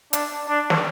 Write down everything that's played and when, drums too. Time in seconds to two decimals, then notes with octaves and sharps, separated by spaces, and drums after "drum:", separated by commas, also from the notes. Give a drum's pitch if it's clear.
0.13 D4, drum: hi-hat
0.48 D4
0.70 drum: snare